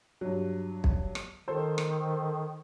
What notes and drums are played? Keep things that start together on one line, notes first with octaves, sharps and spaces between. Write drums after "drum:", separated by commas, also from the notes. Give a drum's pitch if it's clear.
G2 F#3
drum: kick B1
drum: rim click
D#3 A4 C5
drum: rim click